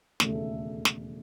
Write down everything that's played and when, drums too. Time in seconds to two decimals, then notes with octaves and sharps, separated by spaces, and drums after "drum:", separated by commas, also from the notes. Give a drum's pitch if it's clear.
0.20 E1 D#2 C#3 A3, drum: snare
0.85 drum: snare